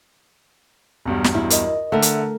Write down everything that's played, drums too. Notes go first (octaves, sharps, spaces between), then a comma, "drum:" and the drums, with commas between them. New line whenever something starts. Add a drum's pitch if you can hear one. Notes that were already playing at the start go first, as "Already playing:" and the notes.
B1 E2 G2
drum: snare
E4
A#4 D#5, drum: hi-hat
D3 A3 A#4 E5
drum: hi-hat